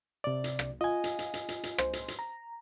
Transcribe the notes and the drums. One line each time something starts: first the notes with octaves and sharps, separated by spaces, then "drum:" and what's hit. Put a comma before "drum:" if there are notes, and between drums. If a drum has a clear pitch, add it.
C3 D5
drum: hi-hat
drum: rim click
F4 D#5 G#5
drum: hi-hat
drum: hi-hat
drum: hi-hat
drum: hi-hat
drum: hi-hat
C5, drum: rim click
drum: hi-hat
drum: hi-hat
A#5